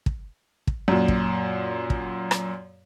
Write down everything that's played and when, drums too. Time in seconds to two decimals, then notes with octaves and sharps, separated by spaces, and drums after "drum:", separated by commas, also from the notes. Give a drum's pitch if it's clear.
0.06 drum: kick
0.68 drum: kick
0.88 F#2 A#2
1.08 drum: kick
1.90 drum: kick
2.31 drum: rim click